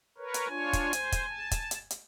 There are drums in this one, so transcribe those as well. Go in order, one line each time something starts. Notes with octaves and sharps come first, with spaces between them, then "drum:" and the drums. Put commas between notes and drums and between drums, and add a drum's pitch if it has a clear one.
A#4 B4 C#5
drum: hi-hat
D4 F4 C#5 G#5
drum: kick, hi-hat
C5, drum: hi-hat
drum: kick, hi-hat
A5
drum: kick, hi-hat
drum: hi-hat
drum: hi-hat